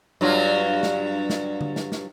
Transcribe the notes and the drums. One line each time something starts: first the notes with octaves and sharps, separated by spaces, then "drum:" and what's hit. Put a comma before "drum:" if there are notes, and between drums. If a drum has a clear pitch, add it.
G2 F#3 F4
drum: snare
drum: snare
drum: tom D3
drum: snare
drum: snare